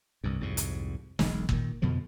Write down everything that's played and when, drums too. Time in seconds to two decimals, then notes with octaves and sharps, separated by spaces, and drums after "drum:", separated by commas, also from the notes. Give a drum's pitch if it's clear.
0.24 C2 G2
0.41 C2 F2 G#2
0.57 drum: hi-hat
1.19 E1 B1 G#3, drum: snare
1.49 A#2 D#3, drum: kick
1.82 F2 B2 D3 F3